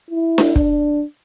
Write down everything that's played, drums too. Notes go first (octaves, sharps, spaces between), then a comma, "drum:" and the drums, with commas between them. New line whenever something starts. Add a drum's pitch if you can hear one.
E4
drum: snare D4
D4, drum: kick